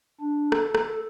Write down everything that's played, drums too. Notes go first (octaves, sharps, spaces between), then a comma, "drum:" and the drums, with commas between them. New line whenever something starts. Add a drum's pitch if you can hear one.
D4
A4, drum: rim click
drum: rim click